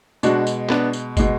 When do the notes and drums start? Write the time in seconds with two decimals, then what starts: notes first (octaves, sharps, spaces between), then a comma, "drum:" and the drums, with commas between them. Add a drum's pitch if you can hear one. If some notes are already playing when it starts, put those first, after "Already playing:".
0.23 B2 G#3 D4 F#4, drum: tambourine
0.47 drum: tambourine
0.69 B3 D4, drum: clap
0.93 drum: tambourine
1.17 B2 G#3, drum: kick, tambourine